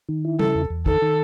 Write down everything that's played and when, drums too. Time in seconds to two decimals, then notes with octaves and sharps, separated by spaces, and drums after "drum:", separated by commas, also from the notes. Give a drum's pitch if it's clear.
0.09 D#3
0.25 E4
0.39 C#3 A4, drum: tom G3
0.55 E2
0.70 E2
0.86 D#3 A4, drum: kick
1.02 D#3